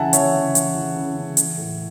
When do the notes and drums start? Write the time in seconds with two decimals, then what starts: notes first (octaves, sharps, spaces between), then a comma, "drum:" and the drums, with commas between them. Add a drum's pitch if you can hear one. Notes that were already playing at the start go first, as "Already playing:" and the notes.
Already playing: C#3 E3 E5 F#5 G#5 A5
0.13 E3 C#5 E5, drum: hi-hat
0.33 C#3
0.55 E3, drum: hi-hat
0.75 E3
0.96 C#3
1.16 C#3
1.37 E3, drum: hi-hat
1.57 A2